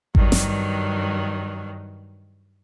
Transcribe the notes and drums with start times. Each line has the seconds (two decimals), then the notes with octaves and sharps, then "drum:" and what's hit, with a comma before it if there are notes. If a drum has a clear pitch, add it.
0.15 G2 D#3 F#3, drum: kick G#1
0.32 drum: snare